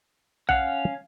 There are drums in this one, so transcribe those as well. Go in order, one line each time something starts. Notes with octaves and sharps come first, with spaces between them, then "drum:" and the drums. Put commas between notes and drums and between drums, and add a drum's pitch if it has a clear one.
C#4 F5 F#5, drum: kick B1